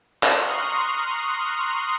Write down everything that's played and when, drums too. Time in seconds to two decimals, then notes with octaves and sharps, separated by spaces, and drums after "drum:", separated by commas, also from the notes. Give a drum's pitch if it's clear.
0.23 A#5 C6 C#6 D#6 F6 F#6, drum: clap